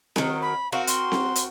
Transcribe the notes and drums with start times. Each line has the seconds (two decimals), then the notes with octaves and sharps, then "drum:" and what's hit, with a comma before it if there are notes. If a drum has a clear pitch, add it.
0.16 D#3 F#3, drum: snare C4
0.42 B5
0.72 C4 F#4 A#4 F5
0.87 C6, drum: hi-hat
1.12 drum: snare C4
1.36 drum: hi-hat